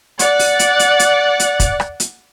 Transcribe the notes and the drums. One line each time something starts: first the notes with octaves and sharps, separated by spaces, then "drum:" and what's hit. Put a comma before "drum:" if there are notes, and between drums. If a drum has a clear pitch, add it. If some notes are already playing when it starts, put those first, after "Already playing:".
D5 F#5, drum: hi-hat
drum: open hi-hat
drum: hi-hat
drum: hi-hat
drum: hi-hat
drum: hi-hat
drum: kick, hi-hat
drum: rim click
drum: hi-hat